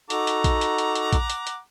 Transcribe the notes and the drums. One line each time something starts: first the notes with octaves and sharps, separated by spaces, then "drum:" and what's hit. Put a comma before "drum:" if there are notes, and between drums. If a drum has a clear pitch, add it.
D#4 F#4 A4 F#5 A#5 D6, drum: hi-hat
drum: hi-hat
drum: kick A#1, hi-hat
drum: hi-hat
drum: hi-hat
drum: hi-hat
drum: kick A#1, hi-hat
drum: hi-hat
drum: hi-hat